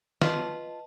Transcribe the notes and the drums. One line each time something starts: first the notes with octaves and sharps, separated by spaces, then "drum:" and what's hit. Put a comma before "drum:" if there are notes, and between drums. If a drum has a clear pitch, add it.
F4 B4 D#5 A5, drum: snare